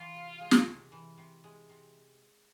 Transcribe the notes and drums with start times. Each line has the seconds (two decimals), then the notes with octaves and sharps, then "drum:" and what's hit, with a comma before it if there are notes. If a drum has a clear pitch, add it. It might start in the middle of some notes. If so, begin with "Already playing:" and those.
Already playing: E3 F4
0.15 C3
0.40 G#3
0.51 drum: snare
0.67 C3
0.92 E3
1.18 C3
1.44 G#3
1.69 C3